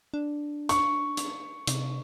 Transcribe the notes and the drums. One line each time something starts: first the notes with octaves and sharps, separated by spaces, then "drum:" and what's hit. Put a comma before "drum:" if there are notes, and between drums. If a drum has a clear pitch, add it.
D4
C#6, drum: hi-hat
drum: hi-hat
C3, drum: hi-hat